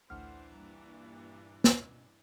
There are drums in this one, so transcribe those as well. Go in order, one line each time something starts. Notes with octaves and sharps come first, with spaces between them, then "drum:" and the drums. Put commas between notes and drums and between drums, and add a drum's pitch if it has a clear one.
A1 D2 E3 D4 C5 F#5 F6
G2 A#2 A#3 A#5
B2 C#4, drum: snare